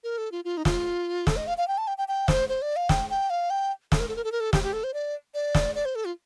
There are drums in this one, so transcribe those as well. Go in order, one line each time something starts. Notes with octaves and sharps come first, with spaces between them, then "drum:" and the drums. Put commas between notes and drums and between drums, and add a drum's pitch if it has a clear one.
A#4
A4
F4
F4
D#4
F4, drum: snare
A4, drum: snare
D#5
F5
F5
G5
A5
G5
G5
G5
C5, drum: snare
C5
D5
F5
G5, drum: snare
G5
F5
G5
A4, drum: snare
A#4
A4
A#4
A4
A#4
A4
G4, drum: snare
G4
A4
C5
D5
D5
drum: snare
D5
C5
A4
F4